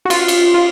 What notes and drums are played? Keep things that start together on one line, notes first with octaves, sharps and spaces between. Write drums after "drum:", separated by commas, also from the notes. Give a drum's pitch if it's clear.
F#4
F4, drum: cymbal
drum: cymbal
F4